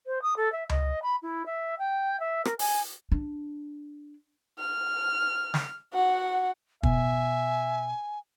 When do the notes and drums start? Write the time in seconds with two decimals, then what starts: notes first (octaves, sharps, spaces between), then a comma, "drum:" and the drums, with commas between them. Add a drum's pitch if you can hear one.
0.06 C5
0.22 D#6
0.37 A4
0.52 E5
0.69 D#5, drum: tom C#2
1.03 B5
1.22 E4
1.46 E5
1.79 G5
2.20 E5
2.45 A#4, drum: rim click
2.59 G#5, drum: open hi-hat
3.12 D4
4.59 F6
5.54 drum: snare
5.94 F#4 F#5
6.83 B2 E5 G#5, drum: kick